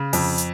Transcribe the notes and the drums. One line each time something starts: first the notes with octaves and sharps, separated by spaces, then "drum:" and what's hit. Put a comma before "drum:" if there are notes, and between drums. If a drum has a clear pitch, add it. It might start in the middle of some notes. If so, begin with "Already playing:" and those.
Already playing: C#3
F2, drum: open hi-hat
drum: hi-hat